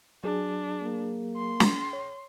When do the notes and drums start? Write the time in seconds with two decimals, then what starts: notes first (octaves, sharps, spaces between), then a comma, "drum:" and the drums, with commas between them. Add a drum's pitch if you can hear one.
0.24 F#3 D4 G#4
0.83 A#3
1.37 C6
1.60 drum: snare
1.93 C#5